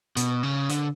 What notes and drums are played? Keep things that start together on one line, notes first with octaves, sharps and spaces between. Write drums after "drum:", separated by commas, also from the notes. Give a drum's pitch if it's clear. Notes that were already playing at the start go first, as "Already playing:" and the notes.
B2, drum: hi-hat
C#3
D3, drum: hi-hat